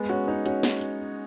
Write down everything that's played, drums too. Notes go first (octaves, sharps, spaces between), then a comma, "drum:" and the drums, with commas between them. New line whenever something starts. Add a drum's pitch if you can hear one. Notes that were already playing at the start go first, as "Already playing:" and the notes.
Already playing: G#3 B3
C#4 F#4
D#4 C#5
C#4 F#4, drum: hi-hat
drum: snare
drum: hi-hat